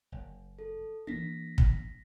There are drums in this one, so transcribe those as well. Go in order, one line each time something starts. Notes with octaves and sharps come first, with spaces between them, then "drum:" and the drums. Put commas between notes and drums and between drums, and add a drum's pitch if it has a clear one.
F#1
A4
E3 A#3 D4 A#6 B6
drum: kick